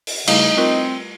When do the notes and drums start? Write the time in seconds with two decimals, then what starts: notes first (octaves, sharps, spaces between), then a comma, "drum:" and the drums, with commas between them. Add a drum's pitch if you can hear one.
0.07 drum: open hi-hat
0.27 C#3 G3 A3 D#4 E4, drum: cymbal
0.57 C4 F4 A#4 D#5